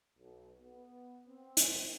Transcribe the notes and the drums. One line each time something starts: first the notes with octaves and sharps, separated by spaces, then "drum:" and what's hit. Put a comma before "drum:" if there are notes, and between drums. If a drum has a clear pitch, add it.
B1
B3
C4
drum: hi-hat